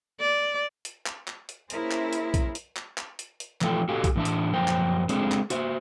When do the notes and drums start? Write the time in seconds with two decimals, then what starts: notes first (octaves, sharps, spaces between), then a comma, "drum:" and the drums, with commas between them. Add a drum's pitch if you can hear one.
0.20 D5
0.85 drum: hi-hat
1.06 drum: clap
1.28 drum: clap
1.49 drum: hi-hat
1.70 A#3 C#4 E4 G#4 A#4 C5, drum: hi-hat
1.91 drum: clap
2.13 drum: hi-hat
2.34 drum: kick, hi-hat
2.55 drum: hi-hat
2.76 drum: clap
2.98 drum: clap
3.19 drum: hi-hat
3.40 drum: hi-hat
3.61 E3 F3 A3 F4 A4 G5, drum: clap
3.89 F#4 G4 A4 F5 G#5
4.04 drum: kick, hi-hat
4.16 A2 E3 D4 E5 A5
4.25 drum: hi-hat
4.53 F#2 F3 A#4 C5 G5
4.68 drum: clap
5.09 G#3 A3 C4 D4 G#4 C5, drum: hi-hat
5.32 drum: clap
5.50 F#4 C5 E5, drum: hi-hat